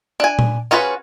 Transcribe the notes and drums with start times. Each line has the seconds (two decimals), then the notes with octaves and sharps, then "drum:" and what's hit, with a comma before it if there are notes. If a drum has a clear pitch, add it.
0.20 D4 G#5
0.39 drum: tom A#2
0.71 C#4 F4 F#4 G#4 B4